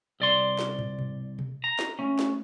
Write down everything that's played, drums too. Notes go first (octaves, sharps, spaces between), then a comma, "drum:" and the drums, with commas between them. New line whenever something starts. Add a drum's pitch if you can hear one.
C2 D5 C6
drum: snare
drum: tom
drum: tom B2
drum: tom B2
A#5
drum: snare
A3 C#4
drum: snare